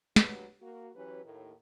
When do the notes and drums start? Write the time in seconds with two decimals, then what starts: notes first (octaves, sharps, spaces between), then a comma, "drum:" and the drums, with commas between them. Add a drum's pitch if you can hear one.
0.16 G2 B2 F#3 B3 D4 G4, drum: snare
0.61 A#3 F#4
0.95 E3 F#3 C#4 G4 B4
1.25 D#2 A2 D#3